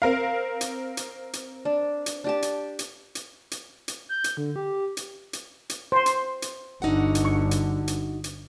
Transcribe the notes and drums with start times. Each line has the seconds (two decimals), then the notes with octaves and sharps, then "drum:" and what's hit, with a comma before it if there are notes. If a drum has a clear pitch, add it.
0.02 C4 A#4 F5
0.61 drum: hi-hat
0.97 drum: hi-hat
1.33 drum: hi-hat
1.65 D4
2.06 drum: hi-hat
2.24 D4 G4 A5
2.42 drum: hi-hat
2.79 drum: hi-hat
3.15 drum: hi-hat
3.51 drum: hi-hat
3.88 drum: hi-hat
4.09 G6
4.24 drum: hi-hat
4.37 D3
4.56 G4
4.97 drum: hi-hat
5.33 drum: hi-hat
5.70 drum: hi-hat
5.92 C5 C6
6.06 drum: hi-hat
6.42 drum: hi-hat
6.82 G1 D3 D#4 F#4 F#5
7.15 drum: hi-hat
7.25 C#6
7.51 drum: hi-hat
7.88 drum: hi-hat
8.24 drum: hi-hat